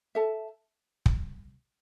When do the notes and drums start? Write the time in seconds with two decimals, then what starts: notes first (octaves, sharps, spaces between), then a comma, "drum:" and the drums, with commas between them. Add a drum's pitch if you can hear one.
0.15 A4 E5 A5
1.06 drum: kick